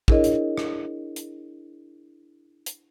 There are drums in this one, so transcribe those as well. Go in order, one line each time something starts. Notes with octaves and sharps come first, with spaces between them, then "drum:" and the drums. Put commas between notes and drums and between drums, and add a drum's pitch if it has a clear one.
D4 E4 G#4 A#4 C#5 D#5, drum: kick
drum: hi-hat
drum: rim click
drum: hi-hat
drum: hi-hat